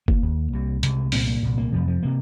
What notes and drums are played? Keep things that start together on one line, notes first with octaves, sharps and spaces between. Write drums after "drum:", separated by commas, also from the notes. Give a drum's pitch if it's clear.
A#3, drum: kick F#1
D#2
C2 C3
C2 C3 G#3, drum: hi-hat
C2 A#2 C4, drum: open hi-hat
A#3
C2 A#2
A#3
F2 C3 F3
F3
C3 A#3